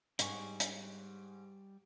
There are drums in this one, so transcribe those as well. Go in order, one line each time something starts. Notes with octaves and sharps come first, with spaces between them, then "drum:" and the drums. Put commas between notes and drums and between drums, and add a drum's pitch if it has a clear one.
G#2 G3 G#5 C#6, drum: hi-hat
drum: hi-hat